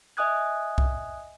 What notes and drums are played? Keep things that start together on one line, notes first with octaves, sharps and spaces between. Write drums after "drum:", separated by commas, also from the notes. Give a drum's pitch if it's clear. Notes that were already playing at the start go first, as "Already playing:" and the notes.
D#5 E5 G#5 D#6 F#6 G#6
drum: kick C2